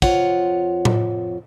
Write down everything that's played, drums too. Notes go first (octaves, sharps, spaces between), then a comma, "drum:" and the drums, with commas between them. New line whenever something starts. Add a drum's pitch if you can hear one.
F2 F4 C#5 F#5, drum: kick
drum: tom A2